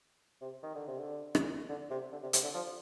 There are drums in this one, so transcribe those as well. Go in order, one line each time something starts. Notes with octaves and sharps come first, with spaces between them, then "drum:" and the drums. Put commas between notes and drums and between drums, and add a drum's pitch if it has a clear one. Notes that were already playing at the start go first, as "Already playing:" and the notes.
C3
D#3
D3
C3
D3
drum: rim click
D3
C3
D3
C3
C3, drum: hi-hat
D3
F3